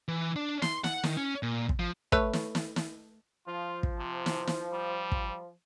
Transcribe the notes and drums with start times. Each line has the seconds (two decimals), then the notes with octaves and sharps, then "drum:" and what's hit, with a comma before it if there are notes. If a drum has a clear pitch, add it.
0.08 E3
0.36 D4
0.62 C6, drum: snare
0.84 F#5, drum: snare
1.04 D#3, drum: snare
1.17 C#4
1.43 A#2
1.69 drum: kick
1.79 F3
2.12 A3 B4 C#5, drum: kick
2.33 drum: snare
2.55 drum: snare
2.76 drum: snare
3.47 F3 F4
3.83 drum: kick
3.98 C3
4.26 drum: snare
4.47 drum: snare
4.72 G3
5.12 drum: kick